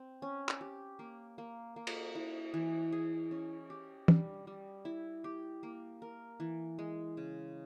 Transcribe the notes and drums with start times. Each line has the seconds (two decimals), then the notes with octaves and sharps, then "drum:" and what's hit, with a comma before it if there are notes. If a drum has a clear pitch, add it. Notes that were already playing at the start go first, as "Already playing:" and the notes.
Already playing: C4
0.22 C#4
0.48 drum: clap
0.61 G4
0.99 A#3
1.38 A#3
1.76 A#3
1.87 drum: cymbal
2.15 E4
2.54 E3
2.92 G#4
3.31 C#4
3.70 G4
4.08 G3, drum: tom
4.47 G3
4.85 E4
5.24 G4
5.63 A#3
6.02 A#4
6.40 E3
6.79 G#3
7.17 C#3